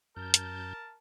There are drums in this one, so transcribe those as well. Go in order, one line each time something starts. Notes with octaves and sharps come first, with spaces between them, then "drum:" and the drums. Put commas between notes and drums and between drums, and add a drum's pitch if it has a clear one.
F#2 A#4 A5 G6
drum: hi-hat